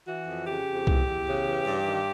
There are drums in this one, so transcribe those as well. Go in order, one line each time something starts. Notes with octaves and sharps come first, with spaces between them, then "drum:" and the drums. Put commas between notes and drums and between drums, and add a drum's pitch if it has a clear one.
E3 F#4
F2
C#3 G4
F2
E2, drum: kick C2
E2
C#3
E3
G2
D#3